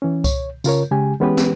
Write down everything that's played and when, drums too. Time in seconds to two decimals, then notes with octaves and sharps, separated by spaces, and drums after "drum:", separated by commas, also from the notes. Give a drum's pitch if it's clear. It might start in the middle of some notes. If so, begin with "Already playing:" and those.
0.02 E3 C#4
0.24 C#5, drum: kick C2, tambourine
0.64 C#3 F4 A#4 C#5, drum: tambourine
0.91 C#3 G#3 G4 G#5
1.20 E3 G#3 B3 C#4 G4 B4
1.37 drum: snare